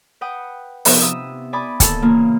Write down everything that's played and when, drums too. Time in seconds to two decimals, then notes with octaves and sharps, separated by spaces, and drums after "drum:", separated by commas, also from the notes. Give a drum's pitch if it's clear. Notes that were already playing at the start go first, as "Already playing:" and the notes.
0.21 B4 F#5 G5 D#6
0.85 C3 F3 B3 D#4 G4, drum: open hi-hat
1.01 E5 D#6 E6
1.53 D5 G#5 B5 D6 D#6
1.80 D#2 D3 A4 G#5 A5, drum: kick, hi-hat
2.02 A#2 C#3 E3 A#3